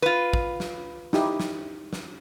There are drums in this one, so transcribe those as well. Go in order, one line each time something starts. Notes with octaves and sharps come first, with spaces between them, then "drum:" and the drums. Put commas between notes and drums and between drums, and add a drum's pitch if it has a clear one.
F4 B4
drum: kick
drum: snare
D#4 E4 G4, drum: snare
drum: snare
drum: snare